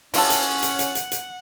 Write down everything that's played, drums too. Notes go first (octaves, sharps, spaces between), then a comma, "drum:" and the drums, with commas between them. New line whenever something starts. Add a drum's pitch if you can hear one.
C#4 E4 F4 A4 F#5, drum: open hi-hat
drum: hi-hat
drum: hi-hat
drum: hi-hat
drum: hi-hat
drum: hi-hat